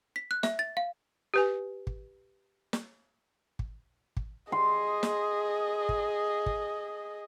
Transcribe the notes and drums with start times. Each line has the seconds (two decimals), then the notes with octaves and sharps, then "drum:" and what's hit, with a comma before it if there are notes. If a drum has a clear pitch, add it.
0.16 B6
0.31 F#6
0.43 E5, drum: snare
0.59 A6
0.77 F5
1.34 G4 B4 G#5
1.87 drum: kick
2.73 drum: snare
3.59 drum: kick
4.17 drum: kick
4.52 G#4 D#5 C6
5.03 drum: snare
5.89 drum: kick
6.46 drum: kick